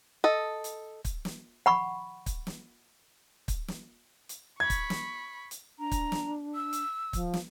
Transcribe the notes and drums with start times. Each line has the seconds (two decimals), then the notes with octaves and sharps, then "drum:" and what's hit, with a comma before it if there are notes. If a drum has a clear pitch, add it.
0.24 A4 D#5
0.64 drum: hi-hat
1.05 drum: kick, hi-hat
1.25 drum: snare
1.66 F#5 B5 C#6
2.26 drum: kick, hi-hat
2.47 drum: snare
3.48 drum: kick, hi-hat
3.68 drum: snare
4.29 drum: hi-hat
4.60 B5 C#6 G#6
4.70 drum: kick, hi-hat
4.90 drum: snare
5.51 drum: hi-hat
5.79 D4 A#5
5.92 drum: kick, hi-hat
6.12 drum: snare
6.55 E6
6.73 drum: hi-hat
7.13 F3, drum: kick, hi-hat
7.34 drum: snare